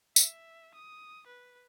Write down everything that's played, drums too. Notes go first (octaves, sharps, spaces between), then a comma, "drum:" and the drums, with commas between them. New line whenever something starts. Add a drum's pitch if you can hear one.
E5, drum: tambourine
D#6
B4